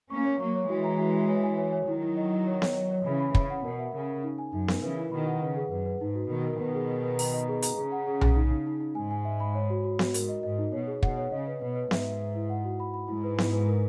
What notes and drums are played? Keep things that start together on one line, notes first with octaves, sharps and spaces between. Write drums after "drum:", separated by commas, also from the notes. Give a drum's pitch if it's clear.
A#3 C#4 C#6
C#5
F#3 A#3 C#6
C#5
E3 G#3 F#4
A#5
F#4
F#4
C#5
G#5
C#5
C#5
D#3 F#3 E4
E4
D#5
D#5
C#5
C#5, drum: snare B3
C#5
C#5
C#3 E3 B5
B5
C#3 B5, drum: kick
F#5
B2 A#4
E5
C#3 A#4
A#4
D#4
G#5
F#2 D#4
A#4, drum: snare B3
C#3 E3 B4
E4
B2 D#3 B5
F#5
C#3 B4
G#4
F#2 B4
B4
G#2 D#4
F#4
B2 D#3 A#4
A#4
B2 D#3 B4
G#4
B4
B4
A#5, drum: open hi-hat
D#5
G#4
A#5, drum: hi-hat
C#3 G#4
F#5
G#4
G#4, drum: tom B1
D#4
D#4
D#4
D#4
G#2 G#5
G#5
E5
B5
C#5
F#4
F#4
F#4, drum: snare B3
G#2 A#4, drum: hi-hat
D#5
G#2 D#5
D#4
B2 C#5
G#4
B2 F#5, drum: kick
C#5
C#3 D#5
B4
B2 B4
B4
G#2 E5, drum: snare B3
E5
E5
E4
F#5
F#4
B5
B5
G#2 E4
B4
E4, drum: snare B3
B4
A#4